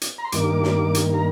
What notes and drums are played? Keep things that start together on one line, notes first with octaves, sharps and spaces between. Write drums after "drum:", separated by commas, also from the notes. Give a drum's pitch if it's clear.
drum: hi-hat
A#5
C6
G2 D#3 A#3 D6, drum: hi-hat
drum: snare
drum: hi-hat
A#5